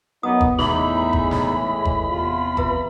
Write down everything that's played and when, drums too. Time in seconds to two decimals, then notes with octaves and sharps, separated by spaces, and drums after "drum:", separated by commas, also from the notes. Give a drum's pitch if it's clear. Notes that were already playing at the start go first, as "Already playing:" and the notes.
0.23 F#2 B3 D#4 D#6
0.41 drum: kick F#1
0.59 E2 A2 E3 G#3 D#4 G#4 E5 B5, drum: snare
1.13 drum: kick F#1
1.31 drum: snare
1.85 drum: kick F#1
2.08 E2 C3 F4
2.57 B4 E5 A#5, drum: kick F#1